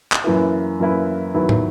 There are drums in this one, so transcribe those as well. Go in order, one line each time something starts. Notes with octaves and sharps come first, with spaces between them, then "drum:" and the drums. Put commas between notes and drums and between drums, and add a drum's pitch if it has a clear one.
drum: clap
F#2 E3 A#3 E4 B4
F#2 E3 A#3 E4 B4
E2 D#3 F#3 B3 E4
drum: tom